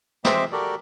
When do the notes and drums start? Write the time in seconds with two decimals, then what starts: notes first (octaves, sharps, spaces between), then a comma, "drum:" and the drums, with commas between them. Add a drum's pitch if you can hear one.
0.25 G#3 C4 C5 D#5 E5 D6, drum: snare
0.52 F#4 G4 A4 A#4 D5